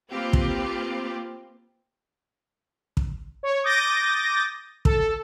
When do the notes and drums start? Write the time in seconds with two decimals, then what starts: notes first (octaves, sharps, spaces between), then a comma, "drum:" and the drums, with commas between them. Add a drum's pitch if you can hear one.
0.12 A#3 C4 F4 G4 B4
0.33 drum: kick
2.97 drum: kick
3.43 C#5
3.64 D6 D#6 G6 A6 A#6
4.85 A4, drum: kick